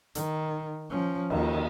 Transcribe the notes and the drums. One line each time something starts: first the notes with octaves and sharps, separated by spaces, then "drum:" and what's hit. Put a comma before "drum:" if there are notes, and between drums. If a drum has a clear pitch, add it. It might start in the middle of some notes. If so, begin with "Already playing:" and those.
D#3, drum: hi-hat
F3 C#4
D#2 D#3, drum: cymbal